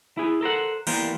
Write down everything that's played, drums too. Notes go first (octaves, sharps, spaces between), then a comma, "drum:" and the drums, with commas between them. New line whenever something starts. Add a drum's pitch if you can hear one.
E4 G#4
A4 A#4 C5 F#5
E3 G3 A#3 B3 A#4 C5, drum: open hi-hat